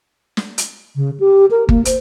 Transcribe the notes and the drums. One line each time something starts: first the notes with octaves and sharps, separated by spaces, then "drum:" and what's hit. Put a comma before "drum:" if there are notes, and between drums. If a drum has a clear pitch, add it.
drum: snare
drum: hi-hat
C#3
G4
A#4
A#3, drum: kick G1
C5, drum: hi-hat